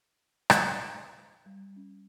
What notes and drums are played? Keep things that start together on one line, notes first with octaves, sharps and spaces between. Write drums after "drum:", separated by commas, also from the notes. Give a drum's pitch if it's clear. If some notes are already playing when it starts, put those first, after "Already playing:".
drum: rim click
C5
G3
C#4